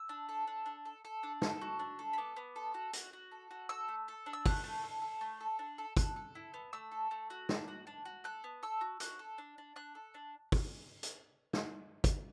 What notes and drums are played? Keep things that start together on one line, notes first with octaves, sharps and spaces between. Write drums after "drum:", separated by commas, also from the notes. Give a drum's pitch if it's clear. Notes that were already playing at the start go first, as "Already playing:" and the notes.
Already playing: E6
D4
A4
D4
D4
A4
A4
D4
A4, drum: snare
F#4
D4
A4
B5
B3 D6
B3
A4
F#4
F#4, drum: hi-hat
F#4
A4
F#4
A4 E6
A3
A4
D4
E6
A3 F#6, drum: kick, open hi-hat
A3
A4
A4
A3
A4
D4
A4
A4 F#6, drum: kick, hi-hat
A4
E4
B3
A3 E6
A4
A3
F#4
D4, drum: snare
F#4
D4
F#4
A4 F#6
B3
A4 E6
F#4
F#4 F#6, drum: hi-hat
A4
D4
D4
D4 F#6
A4
D4
drum: kick, open hi-hat
drum: hi-hat
drum: snare
drum: kick, hi-hat